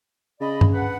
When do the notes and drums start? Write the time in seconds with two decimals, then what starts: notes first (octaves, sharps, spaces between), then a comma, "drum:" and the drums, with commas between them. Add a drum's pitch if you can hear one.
0.41 C#3 D5 D#5 B5
0.61 drum: tom
0.73 D4 B4 F#5